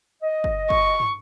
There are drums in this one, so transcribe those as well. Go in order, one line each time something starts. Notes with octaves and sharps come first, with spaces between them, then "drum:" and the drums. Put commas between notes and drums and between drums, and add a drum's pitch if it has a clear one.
D#5
drum: kick
C#6, drum: kick
drum: tom